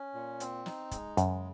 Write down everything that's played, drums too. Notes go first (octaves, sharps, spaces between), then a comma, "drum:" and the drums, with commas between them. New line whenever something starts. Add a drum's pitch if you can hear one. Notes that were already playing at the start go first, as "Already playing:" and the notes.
Already playing: C#4
A#2
C4, drum: hi-hat
D#4, drum: snare
G#3, drum: kick, hi-hat
F#2 C#3, drum: hi-hat